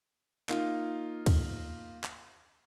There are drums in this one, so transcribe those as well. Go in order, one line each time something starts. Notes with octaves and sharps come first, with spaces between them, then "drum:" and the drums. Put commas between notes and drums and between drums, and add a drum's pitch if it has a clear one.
A#3 D#4 F4, drum: clap
drum: kick D2, cymbal
drum: clap